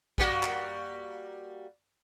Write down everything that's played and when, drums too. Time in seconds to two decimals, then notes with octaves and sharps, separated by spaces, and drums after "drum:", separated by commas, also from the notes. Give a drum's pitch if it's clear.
0.18 G3 A#3 F#4, drum: kick
0.43 drum: clap